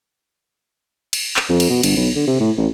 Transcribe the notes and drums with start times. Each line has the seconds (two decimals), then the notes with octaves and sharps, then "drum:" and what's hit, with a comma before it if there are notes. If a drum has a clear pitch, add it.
1.13 drum: cymbal
1.36 drum: clap
1.49 F2
1.60 drum: cymbal
1.70 B2
1.83 G1, drum: cymbal
1.97 B1
2.16 D3
2.27 C3
2.40 A2
2.57 A1